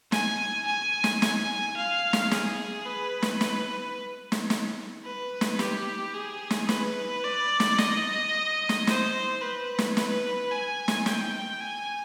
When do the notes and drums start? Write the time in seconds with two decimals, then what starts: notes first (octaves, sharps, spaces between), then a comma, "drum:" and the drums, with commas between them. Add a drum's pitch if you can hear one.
0.12 G#5, drum: snare
0.67 G#5
1.04 drum: snare
1.22 drum: snare
1.77 F5
2.13 drum: snare
2.31 G#4, drum: snare
2.86 B4
3.22 drum: snare
3.41 drum: snare
4.32 drum: snare
4.50 drum: snare
5.05 B4
5.41 drum: snare
5.59 G4, drum: snare
6.14 G#4
6.50 drum: snare
6.69 B4, drum: snare
7.24 D5
7.60 drum: snare
7.78 D#5, drum: snare
8.69 drum: snare
8.87 C5, drum: snare
9.41 B4
9.78 drum: snare
9.97 B4, drum: snare
10.51 G#5
10.88 drum: snare
11.06 G5, drum: snare
11.61 G#5